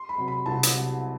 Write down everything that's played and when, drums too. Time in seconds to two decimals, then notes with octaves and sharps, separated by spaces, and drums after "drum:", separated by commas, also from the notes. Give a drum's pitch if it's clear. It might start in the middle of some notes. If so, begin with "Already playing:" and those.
Already playing: C6
0.09 B5
0.18 C3 F#3
0.28 B5
0.46 C2 A5
0.63 drum: hi-hat
0.73 C3 F#3